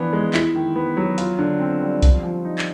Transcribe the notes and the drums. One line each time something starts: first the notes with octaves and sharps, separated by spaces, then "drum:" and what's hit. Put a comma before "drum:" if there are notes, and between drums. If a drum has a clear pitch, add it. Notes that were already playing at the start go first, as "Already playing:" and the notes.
Already playing: E3 F3 B3 D4
G#3
E4, drum: clap
D#3
B3
F#3
F4, drum: hi-hat
D3
C4
G3
F3, drum: kick B1, hi-hat
F3
D#4
drum: clap